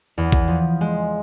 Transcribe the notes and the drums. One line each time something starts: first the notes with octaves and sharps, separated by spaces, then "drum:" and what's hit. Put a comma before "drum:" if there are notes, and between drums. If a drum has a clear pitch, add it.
E2
drum: kick
F3
G#3